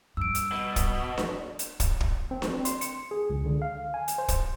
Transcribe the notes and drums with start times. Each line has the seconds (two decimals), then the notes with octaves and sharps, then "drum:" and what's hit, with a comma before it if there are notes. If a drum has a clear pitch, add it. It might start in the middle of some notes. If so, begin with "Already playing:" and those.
0.17 G2 E6 D7
0.35 drum: hi-hat
0.52 B2
0.76 drum: kick, hi-hat
1.18 drum: snare D4
1.59 drum: hi-hat
1.80 drum: kick, hi-hat
2.00 drum: kick
2.31 C4
2.42 drum: snare D4
2.65 C6, drum: hi-hat
2.81 C#7, drum: hi-hat
3.11 G#4
3.30 C#2
3.46 D3
3.62 F5
3.94 G#5
4.08 drum: hi-hat
4.18 C5
4.28 drum: kick, hi-hat